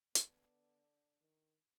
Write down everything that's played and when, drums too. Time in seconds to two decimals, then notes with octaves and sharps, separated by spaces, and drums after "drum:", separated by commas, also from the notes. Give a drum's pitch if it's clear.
0.15 D3 B3, drum: hi-hat
1.22 D#3